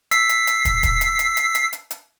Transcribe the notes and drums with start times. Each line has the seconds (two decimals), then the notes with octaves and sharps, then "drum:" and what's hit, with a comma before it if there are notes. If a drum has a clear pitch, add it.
0.11 E6 B6 C7, drum: hi-hat
0.29 drum: hi-hat
0.47 drum: hi-hat
0.65 drum: kick, hi-hat
0.83 drum: kick, hi-hat
1.01 drum: hi-hat
1.19 drum: hi-hat
1.37 drum: hi-hat
1.55 drum: hi-hat
1.73 drum: hi-hat
1.91 drum: hi-hat